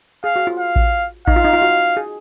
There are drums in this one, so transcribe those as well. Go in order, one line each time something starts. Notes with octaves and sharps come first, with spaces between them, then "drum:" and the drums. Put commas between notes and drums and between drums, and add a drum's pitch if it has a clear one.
G#4 F5
F#4
F4
F5
drum: kick A1
D#4 F5, drum: kick A1
F4
D#4
F4
F#4
G#4